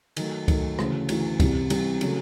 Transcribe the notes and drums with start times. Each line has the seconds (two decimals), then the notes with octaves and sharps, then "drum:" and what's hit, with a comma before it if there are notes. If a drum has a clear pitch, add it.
0.16 D#3 F#3 A3, drum: cymbal
0.48 D#3 F#3 A3, drum: kick C#2, cymbal
0.79 D2 C#3 E3, drum: rim click
1.09 D2 C#3 E3, drum: cymbal
1.40 C2 C3 E3 G3, drum: kick C#2, cymbal
1.70 C2 C3 E3 G3, drum: cymbal
2.01 C#3 F#3 A3, drum: cymbal